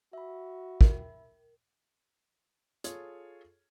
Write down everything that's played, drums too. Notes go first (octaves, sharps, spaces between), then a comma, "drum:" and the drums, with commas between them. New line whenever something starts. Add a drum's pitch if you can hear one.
F#4 E5 B5
A#4, drum: kick
F4 G#4 A4 C#5, drum: hi-hat